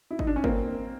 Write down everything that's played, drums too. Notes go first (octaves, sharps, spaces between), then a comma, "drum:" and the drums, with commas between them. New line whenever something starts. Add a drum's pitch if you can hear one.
E4
D#4, drum: kick
D4
C#4
A#3 C4, drum: kick